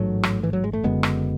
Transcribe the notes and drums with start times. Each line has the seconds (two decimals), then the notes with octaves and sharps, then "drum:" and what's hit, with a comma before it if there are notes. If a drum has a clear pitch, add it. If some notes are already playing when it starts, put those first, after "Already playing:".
Already playing: A1 G#2 F#3 A3
0.23 drum: rim click
0.43 E3
0.53 F#3
0.64 G#3
0.73 A3
0.83 F#1 F#2 D3 G#3 B3
1.03 drum: rim click